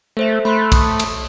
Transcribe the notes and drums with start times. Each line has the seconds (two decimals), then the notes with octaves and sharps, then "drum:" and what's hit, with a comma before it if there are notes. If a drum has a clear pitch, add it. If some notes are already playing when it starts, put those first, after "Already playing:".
0.17 A3 A4 C5 E5
0.45 A3 B5 C6 F#6
0.72 D#6, drum: kick, cymbal
1.00 drum: cymbal